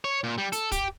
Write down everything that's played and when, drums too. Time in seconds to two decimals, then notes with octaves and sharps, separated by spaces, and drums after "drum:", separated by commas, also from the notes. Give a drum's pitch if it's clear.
0.04 C#5
0.24 A#2
0.38 G3
0.52 A4, drum: hi-hat
0.72 G4, drum: kick, hi-hat